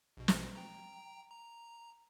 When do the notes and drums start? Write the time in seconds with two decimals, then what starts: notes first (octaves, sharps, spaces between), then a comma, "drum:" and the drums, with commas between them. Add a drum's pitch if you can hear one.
0.17 A#1 B2
0.28 drum: snare
0.55 G5 A#5
1.30 A#5